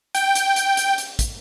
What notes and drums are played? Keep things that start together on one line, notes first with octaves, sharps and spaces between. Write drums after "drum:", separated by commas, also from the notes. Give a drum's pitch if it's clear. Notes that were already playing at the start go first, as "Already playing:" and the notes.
G5, drum: hi-hat
drum: hi-hat
drum: hi-hat
drum: hi-hat
drum: hi-hat
drum: kick, hi-hat